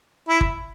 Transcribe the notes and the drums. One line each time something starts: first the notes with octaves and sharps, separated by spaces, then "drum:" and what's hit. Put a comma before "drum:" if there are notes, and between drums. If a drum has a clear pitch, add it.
E4
drum: kick G1